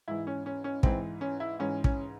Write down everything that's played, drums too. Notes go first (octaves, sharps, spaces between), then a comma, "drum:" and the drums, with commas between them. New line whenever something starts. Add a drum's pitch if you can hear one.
G#2 E3 E4
C#4
C#4
C#4
G#2 E3 C4, drum: kick
C#4
E4
G#2 E3 C#4
C#4, drum: kick